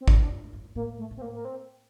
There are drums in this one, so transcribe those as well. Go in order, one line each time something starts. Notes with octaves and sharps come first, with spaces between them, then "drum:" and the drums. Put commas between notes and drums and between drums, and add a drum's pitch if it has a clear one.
C4
A2 D4, drum: kick G#1
A2
G2
A2 A#3
A3
A2
C4
A#3
A#3
C4